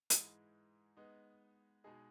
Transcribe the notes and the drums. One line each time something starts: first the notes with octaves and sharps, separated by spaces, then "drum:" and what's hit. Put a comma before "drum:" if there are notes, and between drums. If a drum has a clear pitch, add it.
G#2 E3 G#3, drum: hi-hat
G#3 B3 D#4
B2 G#3 D#4 G#4 D#5